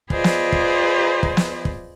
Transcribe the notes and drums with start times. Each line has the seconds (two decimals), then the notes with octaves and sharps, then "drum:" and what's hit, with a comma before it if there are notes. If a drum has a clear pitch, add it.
0.10 F4 G#4 B4 C5 D5 D#5, drum: kick
0.24 drum: snare
0.52 drum: kick
1.23 drum: kick
1.37 drum: snare
1.65 drum: kick